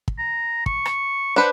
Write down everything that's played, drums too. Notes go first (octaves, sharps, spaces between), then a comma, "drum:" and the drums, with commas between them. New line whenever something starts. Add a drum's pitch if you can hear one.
drum: kick
A#5
C#6, drum: kick
drum: rim click
D4 B4 C5 F#5